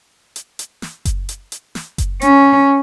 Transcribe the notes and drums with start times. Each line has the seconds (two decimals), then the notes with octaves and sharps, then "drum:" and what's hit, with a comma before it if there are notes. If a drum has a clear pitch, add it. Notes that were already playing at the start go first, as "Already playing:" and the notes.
0.36 drum: hi-hat
0.59 drum: hi-hat
0.82 drum: snare
1.05 drum: kick F#1, hi-hat
1.29 drum: hi-hat
1.52 drum: hi-hat
1.75 drum: snare
1.98 drum: kick F#1, hi-hat
2.21 C#4, drum: hi-hat